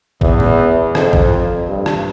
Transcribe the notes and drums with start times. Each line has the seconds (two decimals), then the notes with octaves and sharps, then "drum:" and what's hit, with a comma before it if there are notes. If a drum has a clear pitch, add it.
0.21 E2, drum: kick G#1
0.40 drum: tom A2
0.95 F2, drum: rim click
1.13 drum: kick G#1
1.68 G2
1.86 drum: rim click